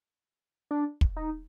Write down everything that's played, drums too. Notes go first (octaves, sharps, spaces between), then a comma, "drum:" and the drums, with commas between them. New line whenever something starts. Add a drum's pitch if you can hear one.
D4
drum: kick
D#4